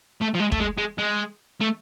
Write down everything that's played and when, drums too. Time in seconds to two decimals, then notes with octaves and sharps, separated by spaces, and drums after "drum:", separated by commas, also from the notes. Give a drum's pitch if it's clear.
0.21 A3
0.34 F3
0.40 G#3
0.52 A3, drum: kick
0.60 G#3
0.78 G#3
0.98 G#3
1.61 A3